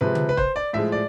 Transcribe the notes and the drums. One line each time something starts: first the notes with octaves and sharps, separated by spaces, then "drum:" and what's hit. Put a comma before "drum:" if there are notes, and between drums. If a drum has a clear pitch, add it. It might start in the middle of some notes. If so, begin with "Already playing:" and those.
C3 F3 G#3 B4
drum: tom C#3
B4
C5, drum: kick
D5
A2 F3 G#3 E5
D5